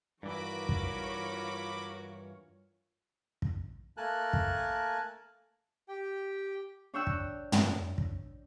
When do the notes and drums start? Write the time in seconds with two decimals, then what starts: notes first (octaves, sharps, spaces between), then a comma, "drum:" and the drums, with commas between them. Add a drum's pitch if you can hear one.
0.23 G2 E3 F4 F#4 A#4 C#5 B5 D6
0.69 drum: kick
3.42 drum: kick
3.97 A3 A#3 A#4 G#5 A5 F#6
4.33 drum: kick
5.88 G4 G5
6.94 D4 C#5 G5 E6 F#6
7.07 drum: kick
7.52 drum: tom
7.98 drum: kick